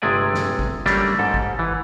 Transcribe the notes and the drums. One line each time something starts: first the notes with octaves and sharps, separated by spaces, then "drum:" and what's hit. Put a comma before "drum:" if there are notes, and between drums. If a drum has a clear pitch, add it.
G1 C3 G#3 A3 D5 G#5
drum: snare
drum: kick G#1
G3 A3 A#3 C#4 D4 G4, drum: snare
G#2 A4
drum: kick G#1
E3